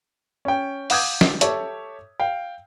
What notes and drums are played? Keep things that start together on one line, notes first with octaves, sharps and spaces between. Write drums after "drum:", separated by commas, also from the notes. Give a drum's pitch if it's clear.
C#4 G5
F5 F#5 D6 D#6 G6 G#6, drum: open hi-hat
drum: snare
G4 A4 C#5 E5 D6, drum: hi-hat
F5 G5